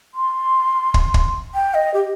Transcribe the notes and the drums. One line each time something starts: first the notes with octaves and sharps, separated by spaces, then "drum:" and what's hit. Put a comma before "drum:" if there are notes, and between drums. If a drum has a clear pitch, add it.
C6
drum: kick
drum: kick
G5
D#5
G4